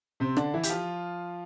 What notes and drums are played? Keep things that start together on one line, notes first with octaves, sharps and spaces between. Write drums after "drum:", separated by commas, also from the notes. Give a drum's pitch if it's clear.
C3 C4
D3 D4, drum: rim click
E3 E4
G4, drum: hi-hat
F3 F4